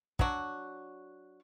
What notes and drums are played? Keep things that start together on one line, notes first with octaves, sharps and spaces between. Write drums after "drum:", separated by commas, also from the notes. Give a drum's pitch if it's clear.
F#3 D4 F#4, drum: kick